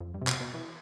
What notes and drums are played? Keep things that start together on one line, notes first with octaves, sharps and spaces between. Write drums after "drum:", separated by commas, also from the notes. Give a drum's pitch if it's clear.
F2
G2
C3
B2, drum: clap
B2
E3